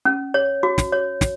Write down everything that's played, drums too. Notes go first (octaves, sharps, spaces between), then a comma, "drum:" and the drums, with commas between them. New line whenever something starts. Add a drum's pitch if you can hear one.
C#4
C#5
F#4
drum: snare
C#5
drum: snare